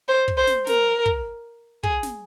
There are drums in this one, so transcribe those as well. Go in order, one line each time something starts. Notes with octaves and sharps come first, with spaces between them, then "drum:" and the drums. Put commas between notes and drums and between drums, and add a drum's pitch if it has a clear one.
C5
drum: kick
C5
drum: snare
A#4, drum: snare
drum: kick
G#4, drum: kick
drum: snare